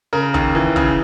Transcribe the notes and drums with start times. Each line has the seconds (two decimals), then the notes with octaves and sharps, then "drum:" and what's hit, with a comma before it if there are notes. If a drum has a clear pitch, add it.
0.13 C#3 A#4
0.34 D#2, drum: kick
0.55 E3
0.76 C#3, drum: kick